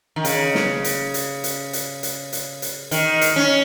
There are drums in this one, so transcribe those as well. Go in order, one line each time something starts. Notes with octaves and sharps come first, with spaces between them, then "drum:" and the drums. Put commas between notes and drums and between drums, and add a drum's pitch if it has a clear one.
D#3
C#3, drum: hi-hat
drum: snare
drum: hi-hat
drum: hi-hat
drum: hi-hat
drum: hi-hat
drum: hi-hat
drum: hi-hat
drum: hi-hat
D#3, drum: hi-hat
drum: hi-hat
C#4